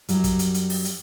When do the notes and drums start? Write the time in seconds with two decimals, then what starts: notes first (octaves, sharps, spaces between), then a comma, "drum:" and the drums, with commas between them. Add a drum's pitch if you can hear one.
0.09 F#2 F#3 G3, drum: hi-hat
0.24 drum: kick, hi-hat
0.39 drum: hi-hat
0.54 drum: hi-hat
0.70 drum: open hi-hat
0.85 drum: hi-hat